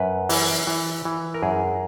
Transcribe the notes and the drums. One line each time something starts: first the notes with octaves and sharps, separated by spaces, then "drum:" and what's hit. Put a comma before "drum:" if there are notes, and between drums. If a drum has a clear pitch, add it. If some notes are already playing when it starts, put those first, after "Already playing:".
Already playing: F#2 B4
E3, drum: open hi-hat
E3
E3
A#4
F#2 G#4